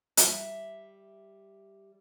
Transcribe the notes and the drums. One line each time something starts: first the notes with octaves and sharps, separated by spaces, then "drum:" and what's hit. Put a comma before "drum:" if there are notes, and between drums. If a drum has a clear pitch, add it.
G3 E5, drum: hi-hat